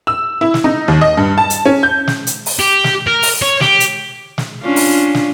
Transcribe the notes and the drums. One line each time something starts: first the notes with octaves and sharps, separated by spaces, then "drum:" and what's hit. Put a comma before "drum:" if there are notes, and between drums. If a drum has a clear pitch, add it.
E6
E4
drum: snare
D#4
D#2
D#5
G2
A5
drum: hi-hat
C#4
G6
drum: snare
drum: hi-hat
drum: open hi-hat
G4
drum: snare
A#4
drum: open hi-hat
C#5
G4, drum: snare
drum: hi-hat
drum: snare
C#4 D4 F4
drum: open hi-hat
drum: snare